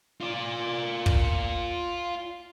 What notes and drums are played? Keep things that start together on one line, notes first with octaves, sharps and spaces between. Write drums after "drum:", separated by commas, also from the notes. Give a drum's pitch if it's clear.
F4 D5
drum: kick